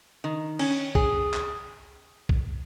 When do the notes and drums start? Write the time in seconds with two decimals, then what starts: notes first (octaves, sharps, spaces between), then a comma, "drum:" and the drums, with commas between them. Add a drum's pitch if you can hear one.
0.24 D#3
0.59 C#4, drum: cymbal
0.95 G#4, drum: kick B1
1.34 drum: clap
2.29 drum: kick B1